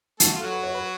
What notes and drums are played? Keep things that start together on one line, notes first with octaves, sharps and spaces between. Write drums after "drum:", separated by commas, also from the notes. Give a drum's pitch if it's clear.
A3 F#4 A4, drum: hi-hat
F4 A4
F#3 F#4
B4
C#5
B4